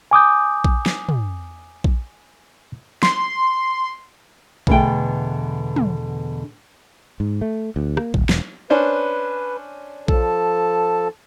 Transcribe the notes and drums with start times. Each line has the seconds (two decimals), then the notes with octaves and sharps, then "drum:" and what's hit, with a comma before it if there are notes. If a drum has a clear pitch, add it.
0.11 G#5 D6 D#6 G6
0.64 drum: kick A#1
0.86 drum: snare
1.09 drum: tom
1.84 drum: kick A#1
3.03 C6, drum: snare
4.67 E2 B2 D3 A3 G5, drum: kick A#1
5.76 drum: tom
7.20 G#2
7.41 A3
7.76 D2
7.97 A#3, drum: rim click
8.14 D#1, drum: kick A#1
8.29 E1, drum: snare
8.70 C#4 D4 B4 C5
10.08 F3 A4 A5, drum: kick A#1